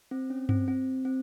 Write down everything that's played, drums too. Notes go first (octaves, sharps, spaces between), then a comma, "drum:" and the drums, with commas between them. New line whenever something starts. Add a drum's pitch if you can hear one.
C4
C#4
C4, drum: tom G2
C4
C4